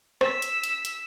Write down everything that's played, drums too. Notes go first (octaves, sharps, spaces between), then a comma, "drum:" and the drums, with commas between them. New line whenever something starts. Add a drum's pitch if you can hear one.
E6 B6, drum: rim click
drum: hi-hat
drum: hi-hat
drum: hi-hat